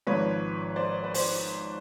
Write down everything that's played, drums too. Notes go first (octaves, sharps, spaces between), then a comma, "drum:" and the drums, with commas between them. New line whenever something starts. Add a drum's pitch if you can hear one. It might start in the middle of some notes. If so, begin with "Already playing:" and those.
G#1 G#2 F3 B4 C#5
C5 D5
B4
C5, drum: open hi-hat